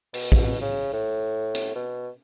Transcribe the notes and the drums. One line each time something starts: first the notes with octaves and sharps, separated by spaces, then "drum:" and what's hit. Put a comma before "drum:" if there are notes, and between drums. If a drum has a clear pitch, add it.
B2, drum: open hi-hat
drum: kick
C#3
A2
drum: hi-hat
B2